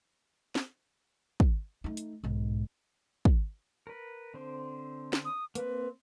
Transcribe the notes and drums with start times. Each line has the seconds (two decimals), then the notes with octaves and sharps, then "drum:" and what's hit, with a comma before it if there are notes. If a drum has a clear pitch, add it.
0.55 drum: snare
1.40 drum: kick
1.84 A3 D#4
1.97 drum: hi-hat
2.24 B1 G#2
3.25 drum: kick
3.87 A#4 B4
4.34 D3 C4 C5
5.13 drum: snare
5.25 D#6
5.55 A#3 C4 B4, drum: hi-hat